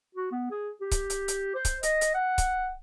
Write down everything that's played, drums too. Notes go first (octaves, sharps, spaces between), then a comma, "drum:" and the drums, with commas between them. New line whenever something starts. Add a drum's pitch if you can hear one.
F#4
B3
G#4
G4
drum: kick C#1, hi-hat
drum: hi-hat
drum: hi-hat
C5
drum: kick C#1, hi-hat
D#5, drum: hi-hat
drum: hi-hat
F#5
drum: kick C#1, hi-hat